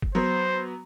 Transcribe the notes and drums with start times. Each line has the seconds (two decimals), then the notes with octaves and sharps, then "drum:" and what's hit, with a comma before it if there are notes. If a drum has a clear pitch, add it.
0.02 drum: kick
0.15 F#3 B3 C5